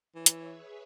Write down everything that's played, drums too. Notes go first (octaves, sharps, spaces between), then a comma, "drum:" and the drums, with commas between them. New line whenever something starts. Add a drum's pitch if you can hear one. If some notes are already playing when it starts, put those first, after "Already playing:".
E3 C#5 E5
drum: hi-hat
G#4 B4